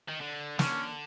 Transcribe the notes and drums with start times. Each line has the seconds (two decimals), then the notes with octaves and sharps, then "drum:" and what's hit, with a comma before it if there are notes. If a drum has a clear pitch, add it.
0.09 D#3
0.21 D3
0.59 D3 C#4, drum: snare